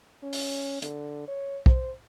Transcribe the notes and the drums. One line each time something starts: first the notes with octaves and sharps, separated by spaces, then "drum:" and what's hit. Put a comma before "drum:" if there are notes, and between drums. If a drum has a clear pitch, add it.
C#4
drum: open hi-hat
D3, drum: hi-hat
C#5
C5, drum: kick